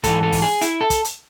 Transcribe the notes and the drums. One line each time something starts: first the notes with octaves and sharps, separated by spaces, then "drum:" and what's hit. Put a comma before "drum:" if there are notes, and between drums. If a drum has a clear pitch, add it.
G#2 E3 A4, drum: kick, hi-hat
A4
drum: kick, open hi-hat
G#4
E4, drum: hi-hat
A4
drum: kick, hi-hat
drum: hi-hat